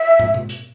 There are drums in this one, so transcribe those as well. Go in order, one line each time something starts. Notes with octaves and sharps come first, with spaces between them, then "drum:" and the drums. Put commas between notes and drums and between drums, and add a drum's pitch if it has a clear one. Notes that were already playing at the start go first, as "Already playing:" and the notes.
Already playing: E5
drum: tom
drum: tom B2
drum: hi-hat